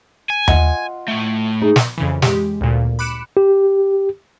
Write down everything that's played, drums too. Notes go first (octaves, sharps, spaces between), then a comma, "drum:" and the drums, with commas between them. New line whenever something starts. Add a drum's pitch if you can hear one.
G#5
F4 D#5 F#5, drum: tom D#2
A2 A3
D#4 G#4
drum: snare
F2 C#3 E3
G#3 G4, drum: snare
D2 A#2
B5 D6 F#6 C#7 D7 E7
G4